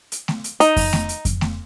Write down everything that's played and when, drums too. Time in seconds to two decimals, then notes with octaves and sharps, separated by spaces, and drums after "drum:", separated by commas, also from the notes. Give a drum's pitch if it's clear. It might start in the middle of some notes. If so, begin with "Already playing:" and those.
0.12 drum: hi-hat
0.28 drum: snare A3
0.44 drum: hi-hat
0.60 D#4, drum: hi-hat
0.76 drum: kick F2, open hi-hat
0.93 drum: snare A3
1.09 drum: hi-hat
1.25 drum: kick F2, hi-hat
1.41 drum: snare A3